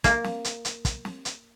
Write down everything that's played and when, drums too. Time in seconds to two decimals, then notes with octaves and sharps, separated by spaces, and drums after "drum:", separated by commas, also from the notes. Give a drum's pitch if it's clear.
0.04 A#3, drum: kick, hi-hat
0.24 drum: snare
0.45 drum: hi-hat
0.65 drum: hi-hat
0.85 drum: kick, hi-hat
1.05 drum: snare
1.25 drum: hi-hat